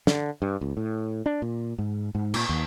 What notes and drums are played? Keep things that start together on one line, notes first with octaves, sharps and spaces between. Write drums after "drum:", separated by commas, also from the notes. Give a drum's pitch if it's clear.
D3, drum: snare
G2
C#2
A2
D4
A#2
G#2
G#2
A#2, drum: cymbal
D#2